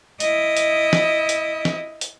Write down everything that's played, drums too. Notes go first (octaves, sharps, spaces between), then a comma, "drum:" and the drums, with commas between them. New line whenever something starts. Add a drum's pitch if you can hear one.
E4 D#5, drum: hi-hat
drum: hi-hat
drum: snare
drum: hi-hat
drum: snare
drum: hi-hat